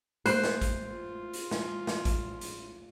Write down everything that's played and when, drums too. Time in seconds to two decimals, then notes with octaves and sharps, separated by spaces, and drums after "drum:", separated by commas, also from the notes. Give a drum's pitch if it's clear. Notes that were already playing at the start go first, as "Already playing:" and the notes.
0.26 A3 A#3 C5 F#6, drum: hi-hat
0.44 drum: snare
0.62 drum: kick, hi-hat
0.87 F4
1.33 drum: hi-hat
1.51 drum: snare
1.87 drum: snare
2.05 drum: kick, hi-hat
2.41 drum: hi-hat